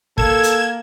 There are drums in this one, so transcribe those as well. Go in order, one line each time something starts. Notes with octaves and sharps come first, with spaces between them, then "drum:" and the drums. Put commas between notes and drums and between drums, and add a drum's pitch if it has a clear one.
A#3 A4 G#6 E7, drum: kick
drum: hi-hat